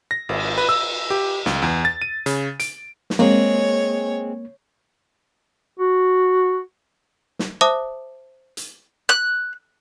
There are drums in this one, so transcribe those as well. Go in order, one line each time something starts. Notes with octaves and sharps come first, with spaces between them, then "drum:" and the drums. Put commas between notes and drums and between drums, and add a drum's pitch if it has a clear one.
A#6
G#1, drum: cymbal
B4
E6
G4
C#2, drum: snare
E2
A6
D#7
C#3, drum: hi-hat
D7, drum: hi-hat
drum: snare
G#3 A#3 C4 G#4 C#5
F#4
drum: snare
C5 E5 A5 D6 D#6
drum: hi-hat
F#6